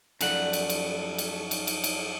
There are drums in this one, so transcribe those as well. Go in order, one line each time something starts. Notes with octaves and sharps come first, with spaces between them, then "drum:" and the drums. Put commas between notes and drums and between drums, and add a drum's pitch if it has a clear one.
F#2 F3 G3 A3 F#5, drum: cymbal
drum: cymbal
drum: cymbal
drum: cymbal
drum: cymbal
drum: cymbal
drum: cymbal